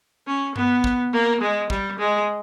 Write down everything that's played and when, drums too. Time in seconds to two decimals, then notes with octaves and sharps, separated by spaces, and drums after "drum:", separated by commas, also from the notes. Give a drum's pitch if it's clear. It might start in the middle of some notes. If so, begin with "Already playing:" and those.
0.27 C#4
0.56 B3, drum: tom G2
0.84 drum: kick
1.13 A#3
1.41 G#3
1.70 G3, drum: kick
1.99 G#3